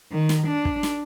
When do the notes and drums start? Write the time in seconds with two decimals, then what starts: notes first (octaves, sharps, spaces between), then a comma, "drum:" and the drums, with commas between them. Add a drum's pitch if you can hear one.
0.12 D#3
0.29 drum: snare
0.47 D4
0.65 drum: kick
0.83 drum: snare